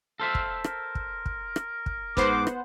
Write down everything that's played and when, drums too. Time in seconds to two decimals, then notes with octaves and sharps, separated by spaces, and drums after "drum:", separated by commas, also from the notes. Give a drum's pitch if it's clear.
0.20 A4 C5 E5 F5
0.35 drum: kick
0.64 A#4, drum: rim click
0.95 drum: kick
1.26 drum: kick
1.56 drum: rim click
1.86 drum: kick
2.17 G#2 B3 C5 F#5 C6 D6, drum: kick
2.47 drum: rim click